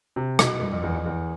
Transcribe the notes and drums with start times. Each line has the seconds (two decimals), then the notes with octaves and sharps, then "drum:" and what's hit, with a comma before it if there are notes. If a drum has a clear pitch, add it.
0.16 C3
0.39 B2, drum: rim click
0.61 G2
0.72 F2
0.84 E2
0.95 F2
1.06 E2